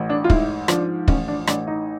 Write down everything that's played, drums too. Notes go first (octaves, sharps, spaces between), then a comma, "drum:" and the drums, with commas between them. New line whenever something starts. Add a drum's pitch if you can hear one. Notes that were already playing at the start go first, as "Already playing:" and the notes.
Already playing: A1
D4
F4
G#2 E4, drum: kick
F3 D4, drum: rim click
A1 C#4, drum: kick
D4
A1 D4, drum: rim click
D#4